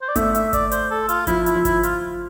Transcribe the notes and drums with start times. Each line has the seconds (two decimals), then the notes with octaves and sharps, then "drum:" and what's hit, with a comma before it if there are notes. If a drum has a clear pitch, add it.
0.02 C5
0.08 D5
0.16 A3 E5, drum: kick G#1, hi-hat
0.35 E5, drum: hi-hat
0.53 D5, drum: kick G#1, hi-hat
0.72 C5, drum: hi-hat
0.91 A4
1.09 F4, drum: hi-hat
1.27 F3 E4, drum: kick G#1, hi-hat
1.46 E4, drum: hi-hat
1.55 F3
1.65 E4, drum: kick G#1, hi-hat
1.83 F4, drum: hi-hat